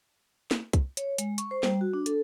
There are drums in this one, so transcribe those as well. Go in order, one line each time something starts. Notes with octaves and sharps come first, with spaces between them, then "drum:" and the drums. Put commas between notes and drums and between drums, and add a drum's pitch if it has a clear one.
drum: snare
drum: kick C2, hi-hat
C#5, drum: hi-hat
G#3, drum: hi-hat
C#6, drum: hi-hat
C5
G3, drum: snare
F#4
D4
A4, drum: hi-hat